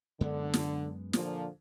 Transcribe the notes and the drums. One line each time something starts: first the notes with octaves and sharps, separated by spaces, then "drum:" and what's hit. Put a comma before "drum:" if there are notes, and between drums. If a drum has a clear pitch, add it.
F#2 D3 G#3 B3
drum: snare
A#2 D3 F3, drum: snare